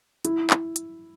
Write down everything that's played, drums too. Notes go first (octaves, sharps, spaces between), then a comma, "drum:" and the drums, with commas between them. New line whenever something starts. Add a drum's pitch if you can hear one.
E4, drum: hi-hat
drum: clap
drum: hi-hat